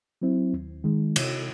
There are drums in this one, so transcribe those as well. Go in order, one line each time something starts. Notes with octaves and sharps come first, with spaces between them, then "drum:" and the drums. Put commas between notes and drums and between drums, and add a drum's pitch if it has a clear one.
F#3 C4 E4
D#2
D#3 G#3
C3, drum: cymbal